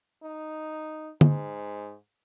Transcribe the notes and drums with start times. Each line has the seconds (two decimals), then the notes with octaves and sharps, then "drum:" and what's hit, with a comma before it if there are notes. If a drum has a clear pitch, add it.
0.23 D#4
1.21 G#2, drum: tom D3